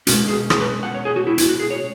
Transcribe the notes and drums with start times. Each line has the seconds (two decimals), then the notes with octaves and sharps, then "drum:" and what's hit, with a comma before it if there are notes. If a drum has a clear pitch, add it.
0.07 B2 G#3 C#4 F#4, drum: hi-hat
0.28 G#4
0.50 G#4, drum: rim click
0.61 B4
0.83 F#5
0.95 C#5
1.05 G#4
1.16 F#4
1.27 E4
1.38 E4, drum: hi-hat
1.49 F#4
1.60 G#4
1.70 C#5